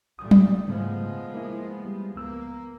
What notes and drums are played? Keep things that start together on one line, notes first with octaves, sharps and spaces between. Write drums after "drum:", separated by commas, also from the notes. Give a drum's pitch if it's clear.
A#2 G3 A3 D#6
drum: tom F#3
G#2 C#3 F3 G#3 A3 B3
A#3 E4
G3
C#2 A#3 B3 E6